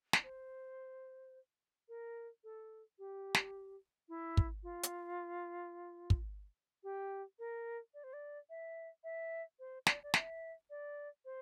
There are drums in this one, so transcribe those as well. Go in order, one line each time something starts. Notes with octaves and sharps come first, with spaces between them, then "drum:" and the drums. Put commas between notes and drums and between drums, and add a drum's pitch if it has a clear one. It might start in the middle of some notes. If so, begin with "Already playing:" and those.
drum: snare
C5
A#4
A4
G4
drum: snare
E4
drum: kick
F4
drum: hi-hat
drum: kick
G4
A#4
D5
C5
D5
E5
E5
C5
D5, drum: snare
D5
E5, drum: snare
D5
C5